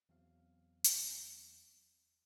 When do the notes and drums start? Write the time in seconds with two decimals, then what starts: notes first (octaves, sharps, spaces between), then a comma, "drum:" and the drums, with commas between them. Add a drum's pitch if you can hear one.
0.09 E2 F#3 C4 F5
0.84 drum: hi-hat